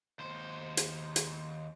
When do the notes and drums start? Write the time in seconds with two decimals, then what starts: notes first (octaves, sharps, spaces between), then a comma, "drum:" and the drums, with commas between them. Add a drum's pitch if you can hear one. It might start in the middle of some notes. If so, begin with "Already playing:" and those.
0.19 D#2 C5
0.77 drum: hi-hat
1.16 drum: hi-hat